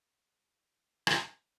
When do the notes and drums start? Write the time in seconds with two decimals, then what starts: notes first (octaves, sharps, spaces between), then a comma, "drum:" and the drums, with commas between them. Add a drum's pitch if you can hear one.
0.18 G5
1.07 drum: rim click